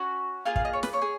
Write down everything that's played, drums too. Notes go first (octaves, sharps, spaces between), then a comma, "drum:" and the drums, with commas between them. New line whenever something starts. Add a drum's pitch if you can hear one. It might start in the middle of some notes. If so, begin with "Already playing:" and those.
Already playing: C#4 F#4
A#3 F4 G#4 F5
F5, drum: kick
D#5
C#5
B4, drum: snare
C#5
G#4